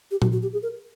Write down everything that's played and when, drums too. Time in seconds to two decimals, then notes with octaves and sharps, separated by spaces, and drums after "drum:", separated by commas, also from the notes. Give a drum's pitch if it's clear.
0.11 G4
0.22 F#4, drum: tom A#2
0.32 F#4
0.42 G4
0.53 G#4
0.63 A#4